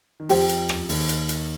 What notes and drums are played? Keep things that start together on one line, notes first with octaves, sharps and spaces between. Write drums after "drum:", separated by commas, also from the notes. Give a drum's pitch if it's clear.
D#3
F2 F3 G4 C5 G5, drum: open hi-hat
drum: hi-hat
drum: rim click
D#2 D#3, drum: open hi-hat
drum: hi-hat
drum: hi-hat